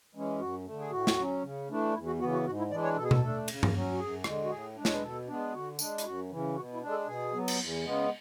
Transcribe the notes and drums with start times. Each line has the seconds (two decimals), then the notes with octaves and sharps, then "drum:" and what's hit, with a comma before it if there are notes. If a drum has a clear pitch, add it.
0.15 E3 G#3 C#4
0.39 F#2 F#4
0.65 D3 A3
0.80 G#4
0.91 A2 F#4
1.07 drum: snare
1.17 F#3 C#4
1.42 C#3
1.68 E3 A3 D4
1.93 E2 E4
2.06 F#4
2.20 C#3 E3 B3 F#4
2.33 F#4
2.46 G#2 F#4
2.58 E4
2.71 E3 G#3 D4 D5
2.84 C#5
2.96 B2 A4
3.04 G#4
3.11 A4, drum: tom B2
3.23 A3 D4
3.48 C#3, drum: cymbal
3.63 drum: tom G2
3.74 F#3 C#4
3.92 F#4
3.99 F#2 G#4
4.24 D3 G#3, drum: rim click
4.44 F#4
4.50 A2 G#4
4.76 G#3 D4
4.85 C#5, drum: snare
4.94 B4
5.02 B2 A4
5.27 G#3 B3 D4
5.53 D3 F#4
5.79 G#3 D4, drum: tambourine
5.98 E4, drum: hi-hat
6.05 F#2 F#4
6.30 C#3 E3
6.56 B2 F#4
6.73 E4
6.82 G#3 D4
6.91 A4
7.07 B2 G#4
7.33 F#3 B3
7.48 drum: cymbal
7.59 E2
7.84 C#3 G#3 B3